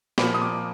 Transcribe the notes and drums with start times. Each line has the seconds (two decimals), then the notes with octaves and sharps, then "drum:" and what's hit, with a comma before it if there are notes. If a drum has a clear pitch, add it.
0.18 A#2 F3 A#3 B5, drum: snare
0.34 D#6
0.42 D6